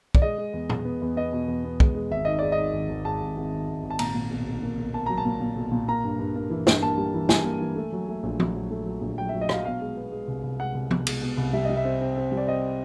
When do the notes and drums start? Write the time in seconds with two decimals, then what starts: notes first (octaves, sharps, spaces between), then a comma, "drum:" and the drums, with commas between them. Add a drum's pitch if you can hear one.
0.15 D5, drum: kick
0.22 G#3 D#5
0.38 G#3
0.53 E2
0.70 G#3, drum: tom
0.85 B3
1.02 E2
1.16 B3 D#5
1.33 B2
1.48 E2
1.64 B3
1.80 G#3, drum: kick
1.95 G#3
2.11 G#1 E5
2.25 D#3 D#5
2.39 G#2 D5
2.52 D#5
2.58 D#3
2.74 G#1
2.89 G#1
3.05 G#2 A5
3.21 G#1
3.37 G#1
3.53 D#3
3.69 G#1
3.83 G#1
3.90 A5
3.99 A#2 A#5, drum: cymbal
4.15 A#2
4.31 B1
4.47 B1
4.63 A#3
4.77 B1
4.94 A#3 A5
5.06 F#3 A#5
5.18 A5
5.26 A#2
5.41 A#2
5.56 B1
5.72 A#2
5.88 A#3 A#5
6.04 G2
6.19 G2
6.36 A#3
6.50 E3
6.67 G2, drum: snare
6.82 A#3 A5
6.98 G3
7.14 E3
7.29 G3 G#5, drum: snare
7.45 A#3
7.60 E3
7.76 A3
7.93 F#3
8.08 A3
8.23 A#1
8.40 F#3, drum: tom
8.55 F#3
8.70 A3
8.86 F#3
9.02 A#1
9.17 F#3 G5
9.29 F#3 E5
9.41 D#5
9.49 F#3 F5, drum: rim click
9.65 B2 F5
9.81 G#3
9.97 B3
10.12 G#3
10.28 C2
10.43 C2
10.59 G#3 F#5
10.75 C2
10.91 B2, drum: tom
11.07 G#3, drum: cymbal
11.22 B2
11.37 C2
11.53 G3 E5
11.65 G3 D#5
11.77 E5
11.85 C4
12.01 C4
12.17 C4
12.32 G3
12.37 D5
12.47 C4 D#5